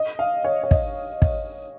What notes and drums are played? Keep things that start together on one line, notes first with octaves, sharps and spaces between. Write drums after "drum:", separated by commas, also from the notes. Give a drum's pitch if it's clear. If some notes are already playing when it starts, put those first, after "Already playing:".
Already playing: D#5
F5
C#5
C#5
D#5, drum: kick
drum: kick